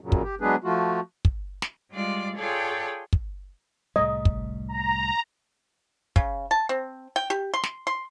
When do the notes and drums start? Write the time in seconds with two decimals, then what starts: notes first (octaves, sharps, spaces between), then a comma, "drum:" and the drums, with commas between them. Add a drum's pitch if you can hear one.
0.01 F#2 A#2 C#3 F#3
0.12 drum: kick
0.23 G4
0.41 F#3 G#3 B3 D4 G#4 B4
0.64 F3 A3 F4 F#4
1.25 drum: kick
1.62 drum: snare
1.92 G3 G#3 F4 D5
2.37 F4 G#4 A4 C#5 D5 G5
3.13 drum: kick
3.96 C2 A2 G3 D#5
4.25 drum: kick
4.68 A#5
6.16 C#3, drum: kick
6.51 A5
6.69 C4
7.16 G5
7.30 G4
7.54 C6
7.64 drum: snare
7.87 C6